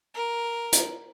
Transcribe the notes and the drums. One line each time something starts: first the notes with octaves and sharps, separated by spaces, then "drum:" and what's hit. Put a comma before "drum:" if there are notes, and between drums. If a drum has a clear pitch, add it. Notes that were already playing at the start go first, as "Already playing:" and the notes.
A#4
drum: hi-hat